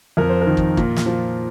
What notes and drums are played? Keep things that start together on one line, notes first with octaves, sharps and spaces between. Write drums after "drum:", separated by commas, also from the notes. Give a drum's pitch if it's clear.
F2 A#4
C5
A#4
D#3
drum: kick
A#2, drum: kick
drum: snare
F3